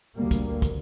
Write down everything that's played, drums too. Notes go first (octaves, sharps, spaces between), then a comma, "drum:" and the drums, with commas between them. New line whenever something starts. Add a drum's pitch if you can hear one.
D2 G3 A#3
drum: kick, hi-hat
drum: kick, hi-hat